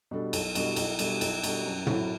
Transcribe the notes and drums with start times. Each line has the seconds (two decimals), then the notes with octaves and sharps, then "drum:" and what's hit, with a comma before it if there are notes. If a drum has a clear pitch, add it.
0.11 B2 G3 D4 A4
0.33 B1, drum: cymbal
0.55 B2 G3 D4 A4, drum: cymbal
0.76 B1, drum: cymbal
0.99 B2 G3 D4 A4, drum: cymbal
1.21 B1, drum: cymbal
1.44 B2 G3 D4 A4, drum: cymbal
1.65 F#2
1.87 F#3 C4 E4 A4, drum: tom